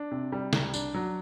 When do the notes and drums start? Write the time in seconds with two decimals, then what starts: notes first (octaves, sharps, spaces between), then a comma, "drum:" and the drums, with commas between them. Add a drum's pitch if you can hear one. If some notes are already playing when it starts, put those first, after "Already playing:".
Already playing: D4
0.12 C3
0.32 G3
0.53 C2, drum: snare
0.74 D4, drum: tambourine
0.94 F#3